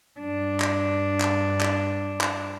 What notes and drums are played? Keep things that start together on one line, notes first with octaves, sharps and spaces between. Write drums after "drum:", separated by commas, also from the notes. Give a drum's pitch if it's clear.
G2 D4
drum: clap
drum: clap
drum: clap
drum: clap